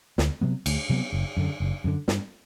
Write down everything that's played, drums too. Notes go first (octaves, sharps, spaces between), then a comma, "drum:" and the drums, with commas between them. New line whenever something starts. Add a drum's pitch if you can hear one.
D2, drum: snare
C3 F#3 B3
D2, drum: cymbal
C3 F#3 B3
F#1
F#2 D3
F#1
F#2 D3
G2, drum: snare